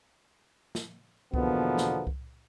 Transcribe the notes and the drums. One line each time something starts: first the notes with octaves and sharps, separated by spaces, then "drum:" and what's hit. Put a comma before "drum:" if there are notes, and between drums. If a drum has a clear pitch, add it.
drum: snare
E2 B2 D3 F3 A#3 B3, drum: kick C2
drum: snare
drum: kick C2